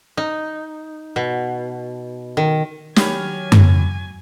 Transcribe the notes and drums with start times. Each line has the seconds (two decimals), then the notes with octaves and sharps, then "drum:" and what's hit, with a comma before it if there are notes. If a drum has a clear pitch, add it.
0.17 D#4
1.16 B2
2.37 D#3
2.96 D#3 F#3 G4 C#5 G#5 B5 F6, drum: snare
3.52 drum: tom F#2